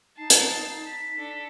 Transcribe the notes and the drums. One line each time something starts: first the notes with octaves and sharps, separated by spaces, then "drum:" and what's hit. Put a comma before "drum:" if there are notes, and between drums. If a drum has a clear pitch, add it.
D#4 A5 C7
drum: hi-hat
B6
D4 A4